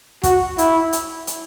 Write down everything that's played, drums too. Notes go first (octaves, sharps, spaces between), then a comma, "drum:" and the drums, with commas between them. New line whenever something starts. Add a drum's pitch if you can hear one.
F#4, drum: kick, hi-hat
E4, drum: hi-hat
drum: hi-hat
drum: hi-hat